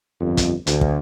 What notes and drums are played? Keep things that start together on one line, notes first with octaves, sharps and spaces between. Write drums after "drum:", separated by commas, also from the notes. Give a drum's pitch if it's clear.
G1 F2
drum: kick, hi-hat
D2, drum: hi-hat
drum: kick